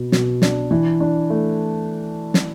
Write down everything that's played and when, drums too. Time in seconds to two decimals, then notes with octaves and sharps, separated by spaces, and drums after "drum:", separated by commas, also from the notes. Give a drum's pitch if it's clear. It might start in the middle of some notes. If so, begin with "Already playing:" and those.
Already playing: B2 B3
0.12 B2, drum: snare
0.42 D4, drum: snare
0.71 E3
1.00 D4
1.30 A3
2.34 drum: snare